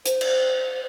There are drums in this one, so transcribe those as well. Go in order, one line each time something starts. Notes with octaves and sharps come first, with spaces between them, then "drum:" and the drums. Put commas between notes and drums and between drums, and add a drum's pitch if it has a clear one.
C5, drum: hi-hat
drum: cymbal